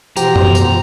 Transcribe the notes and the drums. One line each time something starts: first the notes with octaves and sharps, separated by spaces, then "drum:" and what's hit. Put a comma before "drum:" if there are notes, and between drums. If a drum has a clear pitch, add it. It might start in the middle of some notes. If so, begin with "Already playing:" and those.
B2 E3 F3 F#4 G4 C5 A#5, drum: tambourine
drum: tom F#2
drum: tambourine